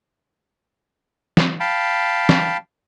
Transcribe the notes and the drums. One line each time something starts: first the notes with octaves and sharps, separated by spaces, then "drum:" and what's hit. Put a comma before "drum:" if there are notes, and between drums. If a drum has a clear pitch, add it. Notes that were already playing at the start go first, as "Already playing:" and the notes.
drum: snare
F5 G5 A5 B5
drum: snare